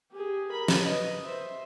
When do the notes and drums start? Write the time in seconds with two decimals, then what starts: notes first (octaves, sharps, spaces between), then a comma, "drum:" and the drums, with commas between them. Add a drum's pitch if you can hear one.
0.11 G4 G#4
0.51 A#4 B5
0.68 drum: snare
0.82 B4 D#5
1.26 C5 E5